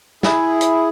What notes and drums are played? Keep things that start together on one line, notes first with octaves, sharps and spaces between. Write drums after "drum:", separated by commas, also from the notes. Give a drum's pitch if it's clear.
E4 G#4, drum: snare
drum: hi-hat